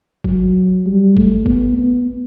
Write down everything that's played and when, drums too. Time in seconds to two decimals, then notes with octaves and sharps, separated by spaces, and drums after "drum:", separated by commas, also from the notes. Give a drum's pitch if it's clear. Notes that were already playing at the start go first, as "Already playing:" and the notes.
0.24 F#3, drum: kick
0.86 G3
1.17 A3, drum: kick
1.46 B3, drum: kick
1.78 B3